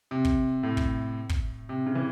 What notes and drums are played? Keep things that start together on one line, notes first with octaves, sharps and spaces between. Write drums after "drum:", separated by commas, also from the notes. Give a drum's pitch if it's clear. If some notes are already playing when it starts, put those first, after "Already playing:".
C3
drum: kick
A2
drum: kick
drum: kick
C3
C#3
E3